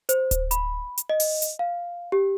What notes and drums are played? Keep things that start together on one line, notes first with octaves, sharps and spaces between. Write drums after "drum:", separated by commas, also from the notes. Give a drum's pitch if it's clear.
C5, drum: hi-hat
drum: kick D1, hi-hat
B5, drum: hi-hat
drum: hi-hat
D#5
drum: open hi-hat
drum: hi-hat
F5
G4